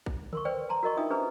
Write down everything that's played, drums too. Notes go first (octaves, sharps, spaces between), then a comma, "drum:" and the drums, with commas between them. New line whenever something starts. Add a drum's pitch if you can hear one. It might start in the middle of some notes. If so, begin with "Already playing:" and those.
drum: kick
A#4 C6 C#6, drum: tom D3
B4 C5 D5 G5
A5 A#5 C6
F#4 A#4 D#5 C#6
D4 D#4 F4 E5 G5 D#6
C#4 D4 G#4 B4 C5 A#5